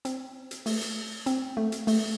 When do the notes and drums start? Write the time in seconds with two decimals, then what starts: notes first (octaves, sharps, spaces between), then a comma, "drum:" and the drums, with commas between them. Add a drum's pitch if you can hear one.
0.05 C4, drum: hi-hat
0.51 drum: hi-hat
0.66 A3, drum: open hi-hat
0.81 drum: hi-hat
1.26 C4, drum: hi-hat
1.57 A3
1.72 drum: hi-hat
1.87 A3, drum: open hi-hat